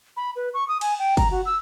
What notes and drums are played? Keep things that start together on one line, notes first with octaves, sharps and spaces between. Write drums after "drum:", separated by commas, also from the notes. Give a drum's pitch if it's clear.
B5
B4
C#6
D#6
G#5, drum: cymbal
G5
A#5, drum: kick, cymbal
F#4
E6